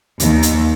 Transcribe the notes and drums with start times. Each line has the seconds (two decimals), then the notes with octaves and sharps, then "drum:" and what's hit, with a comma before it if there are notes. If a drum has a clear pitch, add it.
0.20 D#2, drum: hi-hat
0.43 drum: hi-hat